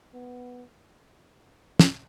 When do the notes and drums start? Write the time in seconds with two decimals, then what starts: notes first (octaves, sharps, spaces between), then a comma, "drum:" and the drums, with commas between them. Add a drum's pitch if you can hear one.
0.14 B3
1.80 drum: snare